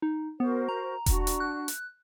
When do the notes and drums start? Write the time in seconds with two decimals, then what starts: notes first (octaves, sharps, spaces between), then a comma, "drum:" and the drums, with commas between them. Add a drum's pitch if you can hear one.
0.02 D#4
0.40 B3 F#4 A#4 C5
0.69 A#5
1.06 D4 F#4, drum: kick E1, hi-hat
1.27 drum: hi-hat
1.40 F#6
1.68 drum: hi-hat